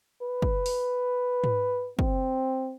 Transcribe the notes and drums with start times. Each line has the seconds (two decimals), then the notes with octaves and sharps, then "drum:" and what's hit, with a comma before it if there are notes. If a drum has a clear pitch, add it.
0.22 B4
0.42 drum: kick
0.66 drum: open hi-hat
1.44 drum: tom G#2
1.99 C4, drum: kick